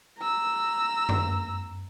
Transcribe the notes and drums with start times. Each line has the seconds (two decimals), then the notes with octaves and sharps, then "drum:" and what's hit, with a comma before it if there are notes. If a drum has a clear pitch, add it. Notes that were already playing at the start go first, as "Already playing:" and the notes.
0.18 A#5 E6
1.09 drum: tom F#2